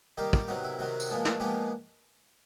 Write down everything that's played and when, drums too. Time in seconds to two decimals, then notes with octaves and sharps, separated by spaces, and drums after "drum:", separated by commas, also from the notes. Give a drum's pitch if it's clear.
0.17 D#3 G3 A#3 D#4 G4
0.33 G4, drum: kick
0.48 C3 D#3 F#3 B3 F#4
0.64 E4
0.79 C3 D#3 F#3 B3 F#4
1.00 drum: tambourine
1.09 A#2 F3 G#3 B3 D4
1.25 drum: snare
1.40 A#2 F3 G#3 B3 D4 G4